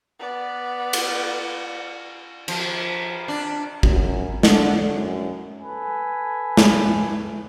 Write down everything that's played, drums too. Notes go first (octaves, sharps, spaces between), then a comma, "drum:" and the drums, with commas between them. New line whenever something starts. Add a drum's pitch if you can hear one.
B3 D5
drum: cymbal
F3, drum: cymbal
D4
F#2, drum: kick
D3, drum: snare
F#2
A4 B4 G#5
drum: snare